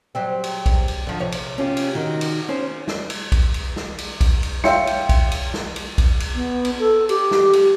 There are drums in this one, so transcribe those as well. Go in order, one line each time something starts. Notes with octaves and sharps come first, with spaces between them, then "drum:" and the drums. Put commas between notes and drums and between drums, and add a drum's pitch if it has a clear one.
F#3 G3 C4
drum: cymbal
drum: kick B1, cymbal
drum: cymbal
D3 F3
C3 C#5
drum: cymbal
C#4 F4 G4
drum: cymbal
D#3 D#4 F#4
drum: cymbal
C#4 C5
drum: snare
drum: cymbal
drum: kick B1, cymbal
drum: cymbal
drum: snare
drum: cymbal
drum: kick B1, cymbal
drum: cymbal
C#5 E5 F5 G5 C6 C#7, drum: snare
drum: cymbal
drum: kick B1, cymbal
drum: cymbal
drum: snare
drum: cymbal
drum: kick B1, cymbal
drum: cymbal
B3
drum: cymbal
A4
G4, drum: cymbal
drum: snare
drum: cymbal